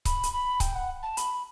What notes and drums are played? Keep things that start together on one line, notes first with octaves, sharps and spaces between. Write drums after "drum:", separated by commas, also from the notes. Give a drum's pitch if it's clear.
B5, drum: kick C#1, hi-hat
drum: hi-hat
B5
G5, drum: kick C#1, hi-hat
F#5
A5
B5, drum: hi-hat